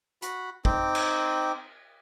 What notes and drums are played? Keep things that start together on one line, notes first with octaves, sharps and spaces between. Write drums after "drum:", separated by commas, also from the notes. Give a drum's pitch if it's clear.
F#4 B5, drum: hi-hat
C4 D#4 G5 D6, drum: kick
drum: cymbal